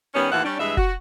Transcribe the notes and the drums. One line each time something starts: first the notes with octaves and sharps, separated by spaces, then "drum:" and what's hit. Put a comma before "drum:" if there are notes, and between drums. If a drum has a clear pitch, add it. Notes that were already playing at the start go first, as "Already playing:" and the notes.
D#3 G3 B3 C#4
D#2 A2 E3 F4 E5 F#5
G3 C#4 D4
G2 E3 G#3 E5
F#4, drum: kick F1